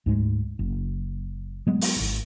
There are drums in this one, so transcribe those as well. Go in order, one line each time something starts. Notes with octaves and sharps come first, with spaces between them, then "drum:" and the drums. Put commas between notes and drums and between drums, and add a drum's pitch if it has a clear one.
D2 G#2 G#3
F#1
F#3 G#3 B3
drum: open hi-hat
D#1 G#1